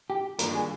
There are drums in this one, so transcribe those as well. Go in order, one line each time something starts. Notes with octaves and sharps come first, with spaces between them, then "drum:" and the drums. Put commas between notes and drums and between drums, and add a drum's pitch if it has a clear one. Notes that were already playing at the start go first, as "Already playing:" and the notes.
G4
G2 D#3 A#3 D4 F4 A#4, drum: hi-hat
G#4